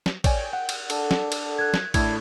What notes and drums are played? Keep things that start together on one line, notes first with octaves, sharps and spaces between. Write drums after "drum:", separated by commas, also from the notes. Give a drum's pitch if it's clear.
drum: snare
C#5 D5 G5 G#5, drum: kick, cymbal
F#5
drum: cymbal
D4 A4, drum: cymbal
drum: snare
drum: cymbal
F#6 G#6
drum: snare
A2 D4 E4 A4 G#6, drum: kick, cymbal